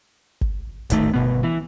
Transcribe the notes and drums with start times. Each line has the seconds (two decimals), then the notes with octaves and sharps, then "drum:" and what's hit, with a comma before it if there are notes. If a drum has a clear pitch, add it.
0.41 drum: kick G1
0.90 D1 G#1 D#3 A3, drum: hi-hat
1.14 G1 B2 B3
1.43 E3